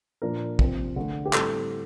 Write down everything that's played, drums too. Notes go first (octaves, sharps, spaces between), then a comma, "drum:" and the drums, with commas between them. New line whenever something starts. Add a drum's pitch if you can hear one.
A#2 F3 A#3 D4 A#4
C3 F3 C4, drum: kick
D3 A3 D4
G4
A2 G3 C4 A4, drum: clap